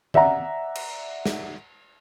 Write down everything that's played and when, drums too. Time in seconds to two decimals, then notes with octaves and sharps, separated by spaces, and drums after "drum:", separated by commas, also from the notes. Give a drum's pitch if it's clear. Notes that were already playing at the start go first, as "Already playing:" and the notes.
0.14 D5 E5 F#5 A#5, drum: tom D#3
0.75 drum: cymbal
1.26 drum: snare